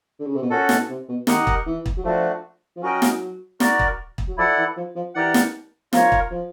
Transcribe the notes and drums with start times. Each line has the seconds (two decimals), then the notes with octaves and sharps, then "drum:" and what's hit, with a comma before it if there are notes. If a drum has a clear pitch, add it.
0.19 D3
0.27 C#3
0.35 C3
0.43 B2
0.50 A#2 C#4 F#4 A4
0.69 B2, drum: snare
0.89 C3
1.09 B2
1.27 D#3 G4 A#4 D#5 F#5, drum: snare
1.47 drum: kick
1.66 E3
1.86 drum: kick
1.97 F#3
2.04 F3 A3 D4 F#4
2.76 F3
2.82 F#3 C#4 F#4 A#4 D#5 G5
3.02 drum: snare
3.60 F#4 A#4 D5, drum: snare
3.79 drum: kick
4.18 drum: kick
4.28 F#3
4.38 F3 E4 A4 D5 F#5
4.57 E3
4.77 F3
4.96 F3
5.15 E3 G4 A#4 D5 F#5
5.34 drum: snare
5.93 F3 F4 A#4 C#5, drum: snare
6.12 drum: kick
6.31 F3